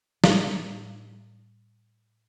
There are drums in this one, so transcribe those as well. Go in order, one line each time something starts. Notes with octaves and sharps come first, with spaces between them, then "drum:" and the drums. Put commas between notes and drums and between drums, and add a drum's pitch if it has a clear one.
A2 G3, drum: snare